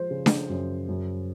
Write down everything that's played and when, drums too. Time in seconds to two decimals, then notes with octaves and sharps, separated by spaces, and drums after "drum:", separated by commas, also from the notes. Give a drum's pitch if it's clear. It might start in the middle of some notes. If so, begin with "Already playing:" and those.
Already playing: F3 G#3 C5
0.11 C#3
0.26 drum: snare D4
0.49 F#2
0.88 F#2